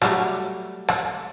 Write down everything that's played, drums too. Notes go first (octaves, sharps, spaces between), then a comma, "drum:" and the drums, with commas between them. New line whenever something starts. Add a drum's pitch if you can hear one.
F#3 G3 A3, drum: rim click
drum: rim click